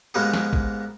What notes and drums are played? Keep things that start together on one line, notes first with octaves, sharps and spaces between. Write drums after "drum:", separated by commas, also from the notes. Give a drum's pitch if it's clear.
G#2 G#3 A#3 B3 G4 G#4
drum: snare
drum: kick A1